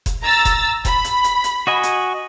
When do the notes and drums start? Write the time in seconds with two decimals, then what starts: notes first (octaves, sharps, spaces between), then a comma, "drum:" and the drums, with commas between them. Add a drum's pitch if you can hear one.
0.06 drum: kick F1, hi-hat
0.22 A#5 E6 A6
0.45 drum: kick F1, hi-hat
0.85 B5, drum: kick F1, hi-hat
1.04 drum: hi-hat
1.24 drum: hi-hat
1.44 drum: hi-hat
1.67 F#4 D#5 G#5
1.83 drum: hi-hat